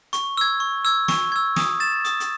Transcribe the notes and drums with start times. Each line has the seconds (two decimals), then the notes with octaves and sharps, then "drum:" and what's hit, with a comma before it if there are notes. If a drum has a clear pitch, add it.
0.13 C#6, drum: hi-hat
0.37 E6 G#6
0.60 C#6
0.85 E6 G#6
1.08 C#6, drum: snare
1.32 E6 G#6
1.56 D#6, drum: snare
1.80 A6 E7
2.05 D#6, drum: hi-hat
2.20 drum: hi-hat